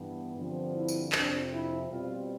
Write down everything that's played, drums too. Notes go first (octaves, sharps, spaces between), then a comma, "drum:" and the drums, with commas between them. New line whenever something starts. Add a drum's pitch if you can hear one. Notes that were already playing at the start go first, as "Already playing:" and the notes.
Already playing: G2 E3 B3
G2 D3 F3 C4
E4
drum: tambourine
F2 C3 F3 C4 D4, drum: clap
E4
B2 G3 C4 F4